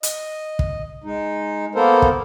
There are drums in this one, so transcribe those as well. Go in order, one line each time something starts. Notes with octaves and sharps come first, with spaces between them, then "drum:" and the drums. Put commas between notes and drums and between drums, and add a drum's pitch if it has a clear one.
D#5, drum: hi-hat
drum: kick
G#3 D#4
A#3 B3 A4 A#4 C5
drum: kick